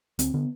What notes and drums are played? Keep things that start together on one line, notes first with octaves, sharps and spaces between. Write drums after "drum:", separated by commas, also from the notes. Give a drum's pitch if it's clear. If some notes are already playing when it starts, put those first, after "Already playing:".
D2 C4, drum: hi-hat
D3 B3